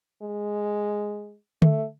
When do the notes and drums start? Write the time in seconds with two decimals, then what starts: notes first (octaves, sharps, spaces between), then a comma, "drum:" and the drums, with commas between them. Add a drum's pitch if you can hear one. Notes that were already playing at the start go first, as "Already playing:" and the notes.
0.22 G#3
1.62 A3, drum: tom D3